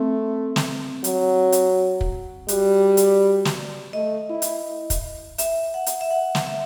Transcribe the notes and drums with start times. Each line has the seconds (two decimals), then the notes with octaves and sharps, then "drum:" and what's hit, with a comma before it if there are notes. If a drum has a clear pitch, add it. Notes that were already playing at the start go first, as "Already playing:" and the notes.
Already playing: A3 C4
0.56 drum: snare
1.04 F#3, drum: hi-hat
1.52 drum: hi-hat
2.01 drum: kick
2.48 G3 F#4, drum: hi-hat
2.97 drum: hi-hat
3.45 drum: snare
3.93 A3 D#5
4.30 E4
4.42 drum: hi-hat
4.90 drum: kick, hi-hat
5.38 E5, drum: hi-hat
5.74 F#5
5.86 drum: hi-hat
6.01 E5
6.11 F#5
6.35 drum: snare
6.47 E5